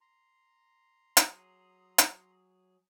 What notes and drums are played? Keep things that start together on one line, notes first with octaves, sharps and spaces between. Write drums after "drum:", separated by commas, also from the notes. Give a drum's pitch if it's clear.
A#5 C6
F#3 G#4, drum: hi-hat
drum: hi-hat